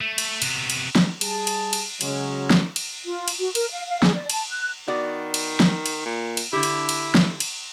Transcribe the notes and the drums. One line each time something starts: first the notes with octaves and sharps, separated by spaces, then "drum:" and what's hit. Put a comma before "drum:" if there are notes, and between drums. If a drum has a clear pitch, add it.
A3
drum: cymbal
C3 B3, drum: cymbal
drum: cymbal
drum: snare
G3 G#4 A5, drum: cymbal
drum: cymbal
drum: cymbal
C#3 F#3 G#3 C#4, drum: cymbal
drum: snare
drum: cymbal
F4
drum: cymbal
F#4
A#4, drum: cymbal
F5
F5
G#4, drum: snare
D5
A5, drum: cymbal
F#6
D#3 B3 F#4 D5
drum: cymbal
drum: snare
drum: cymbal
A#2
drum: cymbal
D3 E4 G4
drum: cymbal
drum: cymbal
drum: snare
drum: cymbal